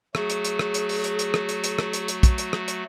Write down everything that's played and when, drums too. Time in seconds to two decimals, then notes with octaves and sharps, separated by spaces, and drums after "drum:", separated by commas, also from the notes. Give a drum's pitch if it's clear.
0.15 F#3 A3 F#4 G#4, drum: rim click
0.30 drum: hi-hat
0.44 drum: hi-hat
0.59 drum: rim click
0.74 drum: hi-hat
0.89 drum: open hi-hat
1.04 drum: hi-hat
1.19 drum: hi-hat
1.34 drum: rim click
1.49 drum: hi-hat
1.64 drum: hi-hat
1.79 drum: rim click
1.93 drum: hi-hat
2.08 drum: hi-hat
2.23 drum: kick, hi-hat
2.38 drum: hi-hat
2.53 drum: rim click
2.68 drum: hi-hat